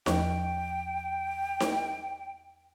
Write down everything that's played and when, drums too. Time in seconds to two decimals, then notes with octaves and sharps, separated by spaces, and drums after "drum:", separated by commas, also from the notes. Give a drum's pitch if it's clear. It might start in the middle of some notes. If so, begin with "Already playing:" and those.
0.06 E2 F3 G5 C#6, drum: snare D#4
1.60 drum: snare D#4